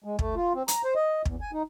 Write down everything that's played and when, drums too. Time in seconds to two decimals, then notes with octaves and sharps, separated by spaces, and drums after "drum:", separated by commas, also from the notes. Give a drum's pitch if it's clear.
0.04 G#3
0.19 A3, drum: kick
0.36 F4
0.55 C4
0.68 A#5, drum: hi-hat
0.84 C5
0.95 D#5
1.25 E2, drum: kick
1.41 G#5
1.53 D#4